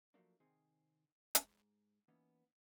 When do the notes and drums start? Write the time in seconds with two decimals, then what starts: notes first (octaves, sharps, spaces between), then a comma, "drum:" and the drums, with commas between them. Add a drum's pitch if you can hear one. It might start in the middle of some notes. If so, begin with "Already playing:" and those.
0.14 F3 F#3 A3 A#3 D4
0.40 C3 D#3 C4 G#4
1.35 G#2, drum: hi-hat
2.08 E3 A#3 B3 C#4 D#4